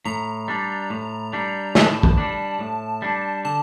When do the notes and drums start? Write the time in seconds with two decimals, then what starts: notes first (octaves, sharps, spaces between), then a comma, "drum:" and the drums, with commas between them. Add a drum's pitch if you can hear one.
0.05 A2 A#5
0.48 G3 D4
0.90 A2
1.33 G3 D4
1.75 A2 A5, drum: snare
2.03 drum: kick
2.18 G3 D4
2.59 A2
3.02 G3 D4
3.45 D3 A5